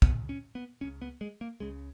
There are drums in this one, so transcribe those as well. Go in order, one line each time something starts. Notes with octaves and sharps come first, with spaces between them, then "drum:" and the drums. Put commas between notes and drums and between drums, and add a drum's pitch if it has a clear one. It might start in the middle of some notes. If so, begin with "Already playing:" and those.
C#2 C#3 B3, drum: kick
C#4
B3
C#2 C#3 C#4
B3
G#3
A#3
C#2 C#3 G#3